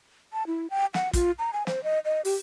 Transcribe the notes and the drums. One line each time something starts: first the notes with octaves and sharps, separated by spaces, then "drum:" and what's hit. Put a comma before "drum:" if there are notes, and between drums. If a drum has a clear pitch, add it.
A5
E4
G5
F#5, drum: snare
F4, drum: kick, hi-hat
A#5
G#5
C5, drum: snare
D#5
D#5
G4, drum: open hi-hat